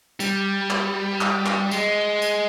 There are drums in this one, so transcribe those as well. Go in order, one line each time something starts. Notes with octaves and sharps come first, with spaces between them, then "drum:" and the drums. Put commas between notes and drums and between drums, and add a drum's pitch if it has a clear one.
G3, drum: tambourine
drum: clap
drum: clap
drum: clap
G#3, drum: tambourine
drum: tambourine